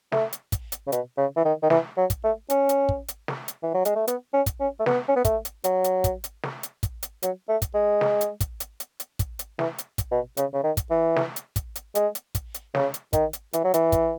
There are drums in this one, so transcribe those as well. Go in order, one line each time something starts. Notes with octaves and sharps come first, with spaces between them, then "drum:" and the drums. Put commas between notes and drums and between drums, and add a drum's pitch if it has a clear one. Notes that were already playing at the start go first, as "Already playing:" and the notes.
A3, drum: snare
drum: hi-hat
drum: kick, hi-hat
drum: hi-hat
C#3
B2, drum: hi-hat
C#3
E3
D#3
D#3
E3, drum: snare
F#3
drum: kick, hi-hat
A3
C#4, drum: hi-hat
drum: hi-hat
drum: kick
drum: hi-hat
drum: snare
drum: hi-hat
E3
F#3
G#3, drum: hi-hat
A3
B3, drum: hi-hat
C#4
drum: kick, hi-hat
C#4
A3
B3, drum: snare
C#4
B3
A3, drum: kick, hi-hat
drum: hi-hat
F#3, drum: hi-hat
drum: hi-hat
drum: kick, hi-hat
drum: hi-hat
drum: snare
drum: hi-hat
drum: kick, hi-hat
drum: hi-hat
F#3, drum: hi-hat
A3
drum: kick, hi-hat
G#3
drum: snare
drum: hi-hat
drum: kick, hi-hat
drum: hi-hat
drum: hi-hat
drum: hi-hat
drum: kick, hi-hat
drum: hi-hat
E3, drum: snare
drum: hi-hat
drum: kick, hi-hat
B2
C#3, drum: hi-hat
C#3
D#3
drum: kick, hi-hat
E3
drum: snare
drum: hi-hat
drum: kick, hi-hat
drum: hi-hat
G#3, drum: hi-hat
drum: hi-hat
drum: kick, hi-hat
drum: hi-hat
C#3, drum: snare
drum: hi-hat
D#3, drum: kick, hi-hat
drum: hi-hat
E3, drum: hi-hat
F#3
E3, drum: hi-hat
drum: kick, hi-hat